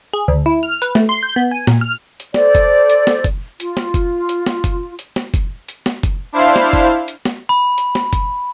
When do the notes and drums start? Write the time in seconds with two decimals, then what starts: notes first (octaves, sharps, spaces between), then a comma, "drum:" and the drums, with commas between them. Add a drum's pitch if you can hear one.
0.13 G#4
0.28 D2
0.46 E4
0.63 F6
0.82 B4, drum: hi-hat
0.95 A3, drum: snare
1.09 C6
1.23 G6
1.36 B3
1.51 G#5
1.67 A#2, drum: snare
1.81 F6
2.20 drum: hi-hat
2.34 A4 C5 D5, drum: snare
2.55 drum: kick F#1, hi-hat
2.90 drum: hi-hat
3.07 drum: snare
3.24 drum: kick F#1, hi-hat
3.60 F4, drum: hi-hat
3.77 drum: snare
3.94 drum: kick F#1, hi-hat
4.29 drum: hi-hat
4.46 drum: snare
4.64 drum: kick F#1, hi-hat
4.99 drum: hi-hat
5.16 drum: snare
5.34 drum: kick F#1, hi-hat
5.69 drum: hi-hat
5.86 drum: snare
6.03 drum: kick F#1, hi-hat
6.32 D4 E4 C5 F5
6.56 drum: snare
6.73 drum: kick F#1, hi-hat
7.08 drum: hi-hat
7.25 drum: snare
7.49 B5
7.78 drum: hi-hat
7.95 drum: snare
8.13 drum: kick F#1, hi-hat